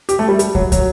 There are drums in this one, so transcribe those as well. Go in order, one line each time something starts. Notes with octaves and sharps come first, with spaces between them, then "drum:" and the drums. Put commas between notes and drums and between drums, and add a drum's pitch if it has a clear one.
G4, drum: hi-hat
A3
G3
G3, drum: hi-hat
F#3, drum: kick
F#3, drum: kick, hi-hat